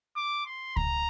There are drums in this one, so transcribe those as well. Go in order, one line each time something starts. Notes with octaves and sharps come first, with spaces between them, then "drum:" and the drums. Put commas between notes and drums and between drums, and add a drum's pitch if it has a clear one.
D6
C6
A#5, drum: kick C#2